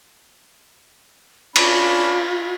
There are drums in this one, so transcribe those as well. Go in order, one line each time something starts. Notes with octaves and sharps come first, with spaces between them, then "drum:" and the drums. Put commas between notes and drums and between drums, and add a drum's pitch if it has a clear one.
C#4 D4 F4 B5, drum: cymbal